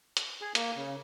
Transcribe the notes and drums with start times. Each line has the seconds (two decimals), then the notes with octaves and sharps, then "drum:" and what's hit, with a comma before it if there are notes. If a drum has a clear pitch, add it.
0.17 drum: hi-hat
0.42 G#4
0.55 A#3, drum: hi-hat
0.76 C#3